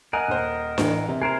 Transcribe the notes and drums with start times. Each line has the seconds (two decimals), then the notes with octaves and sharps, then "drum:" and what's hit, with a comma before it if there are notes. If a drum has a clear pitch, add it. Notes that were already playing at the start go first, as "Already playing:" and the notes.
0.13 A#4 D#5 F#5 G#5
0.28 D#1 C5
0.78 A1 E3, drum: snare D4
1.08 C3
1.22 G#4 A#4 C5